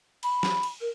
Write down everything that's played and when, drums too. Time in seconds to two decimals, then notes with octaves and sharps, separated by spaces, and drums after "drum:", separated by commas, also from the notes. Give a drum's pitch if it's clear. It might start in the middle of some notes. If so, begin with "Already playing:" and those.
0.23 B5, drum: cymbal
0.43 drum: snare
0.63 drum: cymbal
0.80 A#4